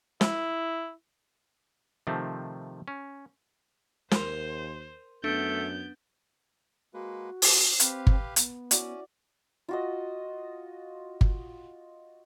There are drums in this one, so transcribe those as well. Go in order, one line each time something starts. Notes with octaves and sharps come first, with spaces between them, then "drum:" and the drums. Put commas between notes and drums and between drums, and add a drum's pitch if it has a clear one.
E4, drum: snare
C3 D#3 F3 A3 C4
C#4
D#2 A#4 C5 C6, drum: snare
F#2 A3 B3 D4 G6
G#3 A#3 F#4 B4
B3, drum: open hi-hat
C4 G4 B4 F5, drum: hi-hat
drum: kick G1
B3, drum: hi-hat
C#4 E4 F#4 D5, drum: hi-hat
F4 F#4 D#5
drum: kick G1